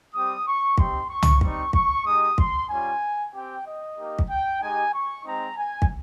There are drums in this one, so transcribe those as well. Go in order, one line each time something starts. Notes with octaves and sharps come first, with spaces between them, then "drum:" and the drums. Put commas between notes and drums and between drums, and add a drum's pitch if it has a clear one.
G3 C4 G4 D#6
C#6
C4 D#4 G4 C6, drum: kick
C#6
drum: tom
G3 C4 D#4 C#6, drum: kick
C#6, drum: kick
G#3 D#4 G4 D#6
C6, drum: kick
G3 C#4 F4 G#5
C4 G4 G5
D#5
A#3 D#4 G4
drum: kick
G5
G#3 D#4 G4 G#5
C#6
G#3 C4 D#4 A#5
G#5
drum: kick